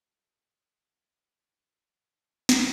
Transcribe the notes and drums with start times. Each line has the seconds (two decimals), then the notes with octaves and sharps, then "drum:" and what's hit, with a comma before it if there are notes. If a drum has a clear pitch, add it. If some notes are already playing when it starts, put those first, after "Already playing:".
0.06 G#2 F#3 A3 A5
0.23 D#6
0.39 E6
0.54 D#6
0.71 D#6
0.92 C#6
1.14 B5
1.35 G#2 E3 G#3
2.49 drum: snare